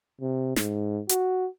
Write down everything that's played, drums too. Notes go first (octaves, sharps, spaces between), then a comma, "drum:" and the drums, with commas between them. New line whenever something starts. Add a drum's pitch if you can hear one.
C3
G#2, drum: snare
F#4, drum: hi-hat